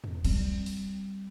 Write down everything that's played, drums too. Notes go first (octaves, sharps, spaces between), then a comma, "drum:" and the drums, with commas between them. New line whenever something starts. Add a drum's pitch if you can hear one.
drum: tom E2
G3 C4, drum: cymbal
drum: open hi-hat